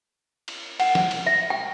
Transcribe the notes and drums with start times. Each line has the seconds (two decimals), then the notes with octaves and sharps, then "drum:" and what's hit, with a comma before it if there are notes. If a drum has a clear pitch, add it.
0.48 drum: cymbal
0.80 F#5, drum: cymbal
0.95 drum: snare
1.11 drum: cymbal
1.27 E5
1.50 G5